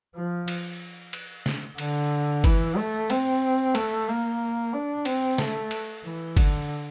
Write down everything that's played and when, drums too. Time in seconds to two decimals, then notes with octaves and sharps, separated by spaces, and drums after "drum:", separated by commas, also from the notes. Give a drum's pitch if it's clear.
0.15 F3
0.48 drum: cymbal
1.13 drum: cymbal
1.46 drum: snare
1.78 D3, drum: cymbal
2.44 E3, drum: kick G1, cymbal
2.77 A3
3.10 C4, drum: cymbal
3.75 A3, drum: cymbal
4.08 A#3
4.73 D4
5.05 C4, drum: cymbal
5.38 A3, drum: snare
5.71 drum: cymbal
6.04 E3
6.37 D3, drum: kick G1, cymbal